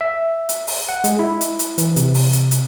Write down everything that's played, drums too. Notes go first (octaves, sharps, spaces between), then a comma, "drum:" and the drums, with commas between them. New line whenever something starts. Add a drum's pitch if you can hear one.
E5
drum: hi-hat
drum: open hi-hat
F#5
G#3, drum: hi-hat
E4
drum: hi-hat
drum: hi-hat
E3, drum: hi-hat
C3, drum: hi-hat
drum: open hi-hat
drum: hi-hat
drum: hi-hat